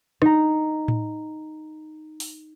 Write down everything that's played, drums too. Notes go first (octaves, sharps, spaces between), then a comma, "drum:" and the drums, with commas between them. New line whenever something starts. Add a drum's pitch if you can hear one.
D#4 A#5, drum: rim click
drum: tom A2
drum: open hi-hat